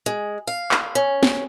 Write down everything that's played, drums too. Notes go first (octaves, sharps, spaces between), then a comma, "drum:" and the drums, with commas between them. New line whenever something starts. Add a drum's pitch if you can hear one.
G#3
F5
drum: clap
C#4
drum: snare C4